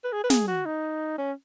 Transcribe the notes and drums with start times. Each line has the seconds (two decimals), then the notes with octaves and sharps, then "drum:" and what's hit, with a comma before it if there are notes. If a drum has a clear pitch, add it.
0.04 B4
0.12 G#4
0.24 B4
0.30 G#4, drum: snare
0.47 F#4
0.65 D#4
1.18 C#4